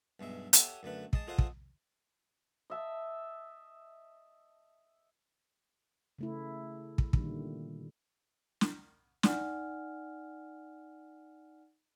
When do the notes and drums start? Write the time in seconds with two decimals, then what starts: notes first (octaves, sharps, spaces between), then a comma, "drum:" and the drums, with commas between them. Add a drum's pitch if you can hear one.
0.20 B1 G2 G#3 E5
0.53 G4 A4 C#5 E5 F#5 G#5, drum: hi-hat
0.83 F#2 D3 A3 B4
1.13 G#3 D#5 A5, drum: kick
1.27 F4 G#4 A4 C5 D#5 F#5
1.38 drum: kick
2.70 D#5 E5 A5
6.19 C#3 A3 E4
6.98 drum: kick
7.13 A#2 D3 D#3 G3, drum: kick
8.61 drum: snare
9.23 D#4 D5 F#5 G#5 F6, drum: snare